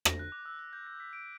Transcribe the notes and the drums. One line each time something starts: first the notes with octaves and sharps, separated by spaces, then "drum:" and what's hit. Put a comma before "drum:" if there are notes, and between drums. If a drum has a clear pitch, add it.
A#6, drum: rim click
F#6
D6
E6
F#6
G6
A#6
B6
D7